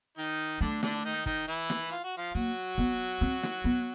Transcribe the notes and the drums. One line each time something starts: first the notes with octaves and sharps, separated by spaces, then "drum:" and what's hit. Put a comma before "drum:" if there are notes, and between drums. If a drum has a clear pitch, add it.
D#3 D#4
D3 A3 D4
D3 D4, drum: snare
D#3 D#4
D#3 D#4, drum: kick
E3 E4
drum: snare
F4
F#4
F3 F4
F#3 A#3 F#4
B3, drum: kick
C4
drum: snare
B3